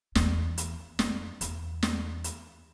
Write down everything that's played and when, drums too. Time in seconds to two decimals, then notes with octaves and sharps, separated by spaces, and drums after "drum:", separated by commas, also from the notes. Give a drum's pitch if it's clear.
0.15 E2, drum: snare
0.58 drum: hi-hat
0.99 F2, drum: snare
1.41 E2, drum: hi-hat
1.83 drum: snare
2.24 drum: hi-hat